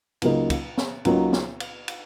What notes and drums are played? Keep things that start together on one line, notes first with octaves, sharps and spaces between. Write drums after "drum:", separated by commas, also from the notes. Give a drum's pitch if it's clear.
C#2 C#3 F#3 A#3 D#4, drum: cymbal
drum: kick, cymbal
drum: snare
C#2 C#3 F#3 A#3 D#4, drum: cymbal
drum: snare
drum: cymbal
drum: cymbal